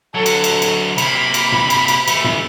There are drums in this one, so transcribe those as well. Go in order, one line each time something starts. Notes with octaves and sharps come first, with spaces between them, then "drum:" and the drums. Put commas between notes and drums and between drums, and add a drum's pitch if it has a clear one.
D3 F#3 A4
drum: cymbal
drum: cymbal
drum: cymbal
C3 A#3 B5, drum: cymbal
drum: cymbal
drum: tom G2
drum: cymbal
drum: cymbal
E3 A3, drum: cymbal
drum: tom G2